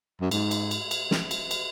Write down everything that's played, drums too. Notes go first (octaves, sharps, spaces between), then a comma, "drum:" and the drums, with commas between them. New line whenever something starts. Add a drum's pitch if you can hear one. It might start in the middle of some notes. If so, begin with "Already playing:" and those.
F#2
G#2, drum: cymbal
drum: cymbal
drum: cymbal
drum: cymbal
drum: snare
drum: cymbal
drum: cymbal